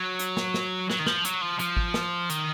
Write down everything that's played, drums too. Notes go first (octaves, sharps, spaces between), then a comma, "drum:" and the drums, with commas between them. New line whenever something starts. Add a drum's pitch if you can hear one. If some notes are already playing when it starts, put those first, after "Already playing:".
Already playing: F#3
drum: hi-hat
drum: snare
drum: snare
F#3, drum: snare
D#3
F3, drum: snare
F#3, drum: hi-hat
F3
F3, drum: hi-hat
drum: kick G#1
drum: snare
D#3, drum: hi-hat